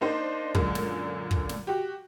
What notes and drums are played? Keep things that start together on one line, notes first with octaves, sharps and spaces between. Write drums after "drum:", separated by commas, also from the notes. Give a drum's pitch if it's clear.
A#3 D4 D#4 C5
F#2 A#2 D3 G#3, drum: kick
drum: snare
drum: kick
drum: snare
F#4 G4